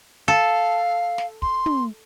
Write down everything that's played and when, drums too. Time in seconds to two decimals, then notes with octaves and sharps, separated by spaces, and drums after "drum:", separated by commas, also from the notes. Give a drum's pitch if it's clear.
0.28 A4 F5
1.18 drum: snare
1.42 C6, drum: kick
1.66 drum: tom